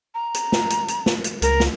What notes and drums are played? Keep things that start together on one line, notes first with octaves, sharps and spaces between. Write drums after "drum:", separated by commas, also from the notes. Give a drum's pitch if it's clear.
A#5
drum: hi-hat
drum: snare
drum: hi-hat
drum: hi-hat
drum: snare
drum: hi-hat
C#2 A#4, drum: hi-hat
drum: snare